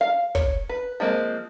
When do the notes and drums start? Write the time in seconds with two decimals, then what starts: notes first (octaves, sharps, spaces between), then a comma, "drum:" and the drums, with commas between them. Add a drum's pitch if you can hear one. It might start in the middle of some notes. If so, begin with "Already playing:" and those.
0.01 F5
0.35 C#5, drum: kick
0.69 B4
1.00 F3 G#3 A#3 C4